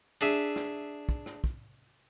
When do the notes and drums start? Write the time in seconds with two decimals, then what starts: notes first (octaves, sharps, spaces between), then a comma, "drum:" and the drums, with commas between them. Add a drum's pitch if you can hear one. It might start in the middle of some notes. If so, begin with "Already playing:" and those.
0.21 D4 G#4 E5
0.56 drum: rim click
1.09 drum: kick
1.26 drum: rim click
1.44 drum: kick